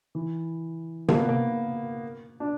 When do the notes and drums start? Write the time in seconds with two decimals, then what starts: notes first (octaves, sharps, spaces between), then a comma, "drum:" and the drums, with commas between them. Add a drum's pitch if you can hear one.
0.15 E3
1.08 A#3, drum: tom C3
1.19 B3
1.29 A#3
2.40 D4